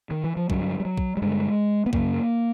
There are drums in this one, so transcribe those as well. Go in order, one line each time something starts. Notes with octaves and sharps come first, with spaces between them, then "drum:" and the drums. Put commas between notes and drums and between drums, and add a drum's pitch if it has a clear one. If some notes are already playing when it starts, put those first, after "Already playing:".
D#3
E3
F3
G2 D3 F#3, drum: kick
G3
F#3
drum: kick
G3
G2 D3 G#3
B3
F#2 C#3 A#3, drum: kick